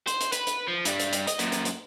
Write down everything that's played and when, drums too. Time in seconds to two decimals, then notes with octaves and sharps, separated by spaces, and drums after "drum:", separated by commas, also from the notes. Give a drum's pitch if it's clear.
0.07 C5, drum: hi-hat
0.21 drum: hi-hat
0.32 B4, drum: hi-hat
0.47 drum: hi-hat
0.68 F3
0.85 G2 G3, drum: hi-hat
1.00 drum: hi-hat
1.13 drum: hi-hat
1.27 D#5, drum: hi-hat
1.39 F#2 A#2, drum: hi-hat
1.52 drum: hi-hat
1.65 drum: hi-hat